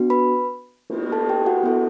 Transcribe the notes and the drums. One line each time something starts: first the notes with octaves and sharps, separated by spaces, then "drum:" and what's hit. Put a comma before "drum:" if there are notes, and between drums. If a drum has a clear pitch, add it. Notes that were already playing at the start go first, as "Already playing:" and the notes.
Already playing: B3 D4 F#4
B4 B5
drum: cymbal
A4 A5
G4 G5
F#4 F#5
B3 E4 A4